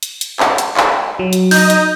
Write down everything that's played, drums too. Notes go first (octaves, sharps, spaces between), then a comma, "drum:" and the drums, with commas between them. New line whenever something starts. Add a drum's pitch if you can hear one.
drum: hi-hat
drum: hi-hat
drum: clap
drum: hi-hat
drum: clap
F#3
drum: hi-hat
D#4 D#5 G6, drum: open hi-hat
drum: hi-hat